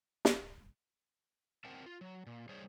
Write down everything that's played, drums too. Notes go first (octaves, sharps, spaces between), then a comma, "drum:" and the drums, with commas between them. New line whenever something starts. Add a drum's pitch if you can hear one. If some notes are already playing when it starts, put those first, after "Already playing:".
drum: snare
C4 A#4 C5 F#5 G5 A5
F4
F#3
A#2
G3 G#4 C5 C#5